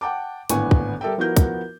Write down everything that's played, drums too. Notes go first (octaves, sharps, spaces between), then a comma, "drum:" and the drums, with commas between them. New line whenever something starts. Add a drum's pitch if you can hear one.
F#5 G5 A5 D6
G#1 A2 D3 B3 G#5 C#6, drum: hi-hat
drum: kick
G3 A4 A#4 E5 G5
F3 B3 E4 F#4 A#4 G6
drum: kick, hi-hat